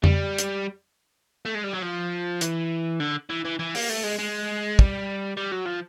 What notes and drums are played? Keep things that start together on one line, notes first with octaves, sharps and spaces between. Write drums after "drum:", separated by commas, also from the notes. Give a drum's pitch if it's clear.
G3, drum: tom F2
drum: hi-hat
A3
G#3
G3
F#3
F3
E3, drum: hi-hat
D3
E3
E3
E3
A#3, drum: open hi-hat
A3
G#3
G#3
G3, drum: kick
G3
F#3
F3